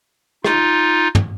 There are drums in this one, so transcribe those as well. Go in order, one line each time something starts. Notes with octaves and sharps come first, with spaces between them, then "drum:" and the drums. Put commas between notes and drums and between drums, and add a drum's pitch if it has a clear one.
D#4 F4, drum: rim click
drum: tom